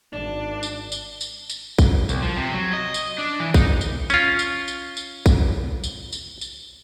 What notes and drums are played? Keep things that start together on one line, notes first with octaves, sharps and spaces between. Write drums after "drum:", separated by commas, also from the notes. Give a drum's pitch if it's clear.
G#1 D4
drum: tambourine
drum: tambourine
drum: tambourine
drum: tambourine
drum: kick, tambourine
C2, drum: tambourine
F3
C3
F#3
D#5
drum: tambourine
D4
E3
D#4, drum: kick, tambourine
drum: tambourine
C#4 F4, drum: tambourine
drum: tambourine
drum: tambourine
drum: tambourine
drum: kick, tambourine
drum: tambourine
drum: tambourine
drum: tambourine